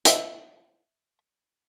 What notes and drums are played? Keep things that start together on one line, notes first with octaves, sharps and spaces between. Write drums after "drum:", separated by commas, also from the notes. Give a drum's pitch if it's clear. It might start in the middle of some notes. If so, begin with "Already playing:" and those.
D#5 E5, drum: hi-hat